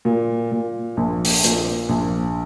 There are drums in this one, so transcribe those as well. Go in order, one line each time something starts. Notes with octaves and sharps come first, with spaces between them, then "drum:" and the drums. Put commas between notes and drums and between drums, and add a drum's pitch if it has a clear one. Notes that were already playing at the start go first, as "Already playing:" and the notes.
A#2
A#2
A#1
drum: open hi-hat
A#2, drum: hi-hat
A#1